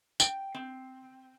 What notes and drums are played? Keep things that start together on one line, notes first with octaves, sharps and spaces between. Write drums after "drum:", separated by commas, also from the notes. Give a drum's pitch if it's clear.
G5, drum: tambourine
C4